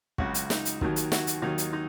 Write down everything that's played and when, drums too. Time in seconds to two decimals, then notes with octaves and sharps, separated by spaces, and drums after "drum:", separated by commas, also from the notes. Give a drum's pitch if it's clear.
0.18 C#2 C#3 F#3 F#4, drum: kick
0.34 drum: hi-hat
0.50 D#4, drum: snare
0.65 drum: hi-hat
0.81 D#2 D#3 F#3, drum: kick
0.96 drum: hi-hat
1.12 F#4, drum: snare
1.27 drum: hi-hat
1.42 D#2 D#3 F#3 D#4
1.58 drum: hi-hat
1.73 D#4